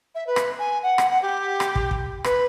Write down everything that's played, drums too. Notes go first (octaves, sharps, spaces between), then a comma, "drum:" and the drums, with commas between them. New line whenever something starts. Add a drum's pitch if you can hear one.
E5
B4
drum: rim click
G#5
F#5
drum: rim click
F#5
G4
drum: rim click
drum: kick
drum: kick
B4, drum: rim click